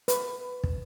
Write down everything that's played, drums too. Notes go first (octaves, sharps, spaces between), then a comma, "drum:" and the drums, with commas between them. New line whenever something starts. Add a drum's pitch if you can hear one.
B4, drum: hi-hat
drum: kick